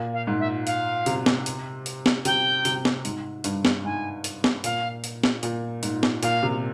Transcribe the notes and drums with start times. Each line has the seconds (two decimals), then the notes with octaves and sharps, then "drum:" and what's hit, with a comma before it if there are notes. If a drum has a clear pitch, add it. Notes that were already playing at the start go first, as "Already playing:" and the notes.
Already playing: A#2
0.14 F5
0.27 G#2
0.40 E5
0.67 F5, drum: hi-hat
1.06 C3, drum: hi-hat
1.26 drum: snare
1.46 drum: hi-hat
1.86 drum: hi-hat
2.06 drum: snare
2.25 C3 G5, drum: hi-hat
2.65 C3, drum: hi-hat
2.85 drum: snare
3.05 G#2, drum: hi-hat
3.44 G2, drum: hi-hat
3.65 drum: snare
3.84 G#2 G#5
4.24 drum: hi-hat
4.44 drum: snare
4.64 A#2 F5, drum: hi-hat
5.04 drum: hi-hat
5.24 drum: snare
5.43 A#2, drum: hi-hat
5.83 G#2, drum: hi-hat
6.03 drum: snare
6.23 A#2 F5, drum: hi-hat
6.43 C3